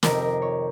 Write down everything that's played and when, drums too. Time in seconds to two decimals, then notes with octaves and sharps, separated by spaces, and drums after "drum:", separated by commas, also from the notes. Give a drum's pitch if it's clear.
0.03 F2 C3 D#3 A#4, drum: snare
0.22 A#4
0.42 C#5